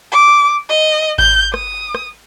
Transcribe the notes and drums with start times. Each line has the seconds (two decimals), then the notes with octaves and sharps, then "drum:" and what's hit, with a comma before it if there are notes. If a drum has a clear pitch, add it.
0.12 D6
0.69 D#5
1.18 G6, drum: kick G#1
1.54 D#6, drum: rim click
1.95 drum: rim click